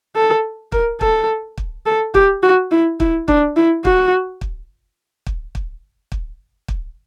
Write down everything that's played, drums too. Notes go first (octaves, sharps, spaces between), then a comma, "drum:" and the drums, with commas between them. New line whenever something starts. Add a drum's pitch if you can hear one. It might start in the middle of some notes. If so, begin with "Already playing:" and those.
A4
A#4, drum: kick
A4, drum: kick
drum: kick
A4
G4, drum: kick
F#4
E4
E4, drum: kick
D4, drum: kick
E4
F#4, drum: kick
drum: kick
drum: kick
drum: kick
drum: kick
drum: kick